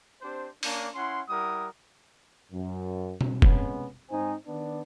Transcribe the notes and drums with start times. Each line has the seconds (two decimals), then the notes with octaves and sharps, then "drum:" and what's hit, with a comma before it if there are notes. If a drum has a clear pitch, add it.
0.22 C4 D4 G4 C5
0.63 A#3 C#4 D4, drum: open hi-hat
0.95 C#4 E4 F#5 C6
1.29 G3 E4 A#4 F#5 D#6
2.52 F#2
3.21 drum: tom B2
3.42 C3 G#3 B3 C#4, drum: kick
4.10 G#2 C4 D#4 C5 G#5
4.46 D#3 B3 D4 D5